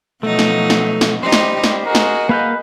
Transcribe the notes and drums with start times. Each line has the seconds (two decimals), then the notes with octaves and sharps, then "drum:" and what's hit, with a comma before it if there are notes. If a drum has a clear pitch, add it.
0.23 B2 F3 F#3 A3 D#4
0.39 drum: snare
0.70 drum: snare
1.01 drum: snare
1.23 G3 D#4 G4 C5
1.32 drum: snare
1.64 drum: snare
1.85 F#4 G#4 A#4 D#5
1.95 drum: snare
2.29 A#3 B4 F5 G6